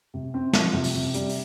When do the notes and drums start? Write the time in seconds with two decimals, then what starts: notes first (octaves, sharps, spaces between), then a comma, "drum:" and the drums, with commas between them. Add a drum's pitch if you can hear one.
0.14 C3
0.34 C4
0.53 F3, drum: snare
0.73 C3
0.84 drum: open hi-hat
0.94 C3
1.14 G3, drum: hi-hat
1.29 drum: open hi-hat